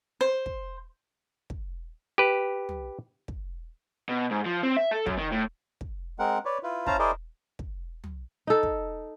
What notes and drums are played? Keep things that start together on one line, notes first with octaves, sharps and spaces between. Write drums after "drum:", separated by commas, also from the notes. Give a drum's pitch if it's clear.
C5
drum: kick
drum: kick
G4 B4
drum: tom
drum: kick
B2
G#2
F3
C4
E5
A4
F#2, drum: kick
D#3
A2
drum: kick
G#3 C4 A#4 F#5
B4 C#5 D5
E4 F4 B4
C#4 E4 C5 F5 A5 A#5, drum: kick
E4 G#4 A#4 C5 D5 D#5
drum: kick
drum: tom
D#4 A4
drum: kick